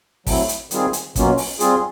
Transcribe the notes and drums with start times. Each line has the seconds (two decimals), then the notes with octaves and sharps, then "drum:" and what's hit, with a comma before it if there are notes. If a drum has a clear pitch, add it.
0.27 F#3 A3 C4 E4, drum: kick, open hi-hat
0.49 drum: hi-hat
0.71 D#3 G3 C4 F4 G#4, drum: hi-hat
0.93 drum: hi-hat
1.16 B2 F#3 A#3 C#4 F4, drum: kick, hi-hat
1.38 drum: open hi-hat
1.60 G3 C4 F4 G#4, drum: hi-hat